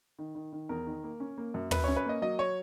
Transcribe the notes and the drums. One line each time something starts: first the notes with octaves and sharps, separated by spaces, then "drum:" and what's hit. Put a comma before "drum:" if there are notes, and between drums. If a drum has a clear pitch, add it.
D#3
D#3
D#3
E2 A#4
D#3
A#3
C#4
A#3
F#2
F#2 B4, drum: tom
C#4 C#5
B4
A#3 D#5
F#3 D#5
C#5